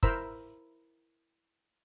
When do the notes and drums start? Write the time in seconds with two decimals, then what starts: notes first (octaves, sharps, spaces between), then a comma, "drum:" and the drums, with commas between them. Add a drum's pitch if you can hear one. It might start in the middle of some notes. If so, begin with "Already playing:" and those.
0.03 E4 A#4 C5 A#5 B5 E6, drum: kick